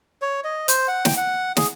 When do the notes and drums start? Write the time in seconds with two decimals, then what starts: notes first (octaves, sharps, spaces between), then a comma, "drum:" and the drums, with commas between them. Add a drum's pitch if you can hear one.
0.22 C#5
0.44 D#5
0.68 C5, drum: hi-hat
0.88 F#5
1.05 G5, drum: snare
1.17 F#5
1.57 G#4, drum: snare